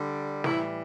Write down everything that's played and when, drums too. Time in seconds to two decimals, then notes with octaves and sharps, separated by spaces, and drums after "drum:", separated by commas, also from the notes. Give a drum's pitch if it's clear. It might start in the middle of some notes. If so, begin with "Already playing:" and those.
Already playing: D3 G3
0.44 A2 E3 G3 E4, drum: snare